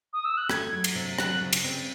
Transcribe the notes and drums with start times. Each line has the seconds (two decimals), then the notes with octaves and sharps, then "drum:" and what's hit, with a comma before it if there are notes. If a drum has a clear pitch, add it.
0.13 D#6
0.24 E6
0.37 F#6
0.49 A3 G#6, drum: rim click
0.73 F#3
0.84 drum: cymbal
0.95 C3
1.19 F#3 F#6, drum: rim click
1.41 C#3
1.53 drum: cymbal
1.64 C4